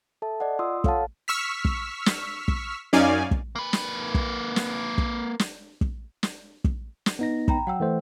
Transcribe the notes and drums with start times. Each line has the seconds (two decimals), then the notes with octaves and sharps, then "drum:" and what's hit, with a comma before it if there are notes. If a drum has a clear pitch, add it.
0.22 A4 E5 A5
0.40 D5 D#5 F#5
0.59 F4 C6 D#6 E6
0.84 A4 C#5 F5 F#5 A5, drum: kick
1.28 C#6 E6 F6 B6
1.65 drum: kick
2.06 drum: snare
2.48 drum: kick
2.93 F#2 C#4 D#4 D5 F5 G#5
3.31 drum: kick
3.56 A#3 B4
3.73 drum: snare
4.15 drum: kick
4.56 drum: snare
4.98 drum: kick
5.39 drum: snare
5.81 drum: kick
6.23 drum: snare
6.64 drum: kick
7.06 drum: snare
7.19 B3 D#4 A#6
7.48 G5 A#5 B5, drum: kick
7.67 F#3 F#5 G5 E6
7.80 E3 A3 C5